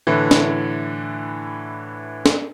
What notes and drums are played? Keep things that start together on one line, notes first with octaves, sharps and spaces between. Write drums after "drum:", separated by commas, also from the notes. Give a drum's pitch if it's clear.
A2 D3 E3
drum: snare
drum: snare